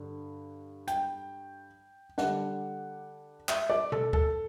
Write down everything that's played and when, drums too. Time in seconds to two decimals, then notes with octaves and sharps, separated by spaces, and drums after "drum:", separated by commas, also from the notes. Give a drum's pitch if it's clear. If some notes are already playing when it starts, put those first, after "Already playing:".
Already playing: G2 D3
0.88 G5, drum: hi-hat
2.18 D3 G3 D4 F#5, drum: snare
3.49 E5, drum: clap
3.70 D5
3.92 A4, drum: tom B2
4.13 A4, drum: kick D2